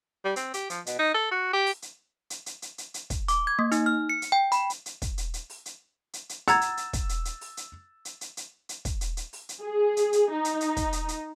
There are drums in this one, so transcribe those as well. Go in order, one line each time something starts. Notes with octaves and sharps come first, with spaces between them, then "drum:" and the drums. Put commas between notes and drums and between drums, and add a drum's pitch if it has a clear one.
G3
C4, drum: hi-hat
G4, drum: hi-hat
F3, drum: hi-hat
B2, drum: hi-hat
D#4
A4
F#4
G4
drum: open hi-hat
drum: hi-hat
drum: hi-hat
drum: hi-hat
drum: hi-hat
drum: hi-hat
drum: hi-hat
drum: kick, hi-hat
D6, drum: hi-hat
G#6
A#3
D#4, drum: hi-hat
F6
C#7
drum: hi-hat
G5
B5, drum: hi-hat
drum: hi-hat
drum: hi-hat
drum: kick, hi-hat
drum: hi-hat
drum: hi-hat
drum: open hi-hat
drum: hi-hat
drum: hi-hat
drum: hi-hat
F#5 A#5 E6 G#6 A6, drum: hi-hat
drum: hi-hat
drum: hi-hat
drum: kick, hi-hat
drum: hi-hat
drum: hi-hat
drum: open hi-hat
drum: hi-hat
drum: hi-hat
drum: hi-hat
drum: hi-hat
drum: hi-hat
drum: kick, hi-hat
drum: hi-hat
drum: hi-hat
drum: open hi-hat
drum: hi-hat
G#4
drum: hi-hat
drum: hi-hat
D#4
drum: hi-hat
drum: hi-hat
drum: kick, hi-hat
drum: hi-hat
drum: hi-hat